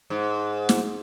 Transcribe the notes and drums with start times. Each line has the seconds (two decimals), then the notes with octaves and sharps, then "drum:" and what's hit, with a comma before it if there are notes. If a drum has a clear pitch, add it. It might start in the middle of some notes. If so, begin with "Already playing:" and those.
0.10 G#2
0.69 drum: snare